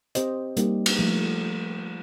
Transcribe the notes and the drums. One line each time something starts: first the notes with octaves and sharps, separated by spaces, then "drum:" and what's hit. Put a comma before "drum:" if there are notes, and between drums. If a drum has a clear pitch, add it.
C4 G4 C5 D#5, drum: hi-hat
G3 A#3 D#4 G4, drum: hi-hat
drum: cymbal
F3 A3